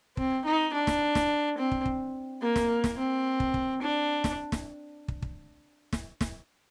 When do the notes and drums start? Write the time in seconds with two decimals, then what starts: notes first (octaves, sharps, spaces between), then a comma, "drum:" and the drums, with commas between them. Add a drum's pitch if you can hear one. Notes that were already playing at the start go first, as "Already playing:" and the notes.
0.17 C4, drum: kick
0.45 D#4
0.73 D4
0.87 drum: snare
1.15 drum: snare
1.58 C4
1.71 drum: kick
1.85 drum: kick
2.42 A#3
2.56 drum: snare
2.84 drum: snare
2.98 C4
3.40 drum: kick
3.54 drum: kick
3.82 D4
4.24 drum: snare
4.52 drum: snare
5.08 drum: kick
5.22 drum: kick
5.93 drum: snare
6.21 drum: snare